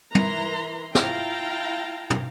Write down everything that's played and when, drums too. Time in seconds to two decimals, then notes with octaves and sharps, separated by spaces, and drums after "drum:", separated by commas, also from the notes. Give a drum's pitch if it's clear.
0.15 E3 E4 A#4 B4 A#5 C6, drum: tom
0.95 E4 F4 F5 G5 A5 A#5, drum: snare
2.10 drum: tom